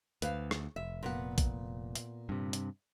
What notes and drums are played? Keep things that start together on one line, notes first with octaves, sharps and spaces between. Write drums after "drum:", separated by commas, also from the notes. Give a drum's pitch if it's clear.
D2 B4 C5 F5, drum: hi-hat
drum: rim click
F1 E5
A#2 B3 F#5
drum: kick A#1, hi-hat
drum: hi-hat
G2 C3
drum: hi-hat